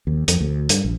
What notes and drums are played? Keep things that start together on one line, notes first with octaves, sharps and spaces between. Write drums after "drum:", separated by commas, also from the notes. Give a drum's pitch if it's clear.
D#2
F2, drum: hi-hat
D2
G2, drum: hi-hat
A#1